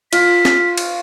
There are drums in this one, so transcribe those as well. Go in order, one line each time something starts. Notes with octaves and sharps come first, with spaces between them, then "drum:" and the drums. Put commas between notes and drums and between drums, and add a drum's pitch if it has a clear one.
F4 B6, drum: cymbal
drum: snare
drum: cymbal